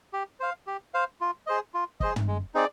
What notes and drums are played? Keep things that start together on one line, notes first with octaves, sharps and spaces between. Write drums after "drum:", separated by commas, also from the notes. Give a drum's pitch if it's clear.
G4
C5 F5
G4
C5 F5
F4
G#4 C5 D#5
F4
G#4 C5 D#5, drum: kick
drum: tom
G#3
C4 D#4 G#4 D5